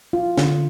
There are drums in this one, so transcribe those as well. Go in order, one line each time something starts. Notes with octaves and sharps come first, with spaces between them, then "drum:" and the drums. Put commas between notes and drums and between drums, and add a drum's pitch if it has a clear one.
F4
D3, drum: snare